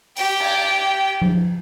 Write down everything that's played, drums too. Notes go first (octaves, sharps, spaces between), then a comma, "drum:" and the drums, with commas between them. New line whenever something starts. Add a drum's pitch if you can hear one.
G4 G5, drum: open hi-hat
drum: cymbal
drum: tom F3